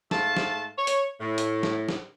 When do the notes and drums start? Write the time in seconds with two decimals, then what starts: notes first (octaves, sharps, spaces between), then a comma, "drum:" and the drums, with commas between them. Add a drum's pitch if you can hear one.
0.11 G#2 A3 F5 A5, drum: snare
0.37 drum: snare
0.78 C#5
0.87 drum: hi-hat
1.20 A2
1.38 drum: hi-hat
1.63 drum: snare
1.89 drum: snare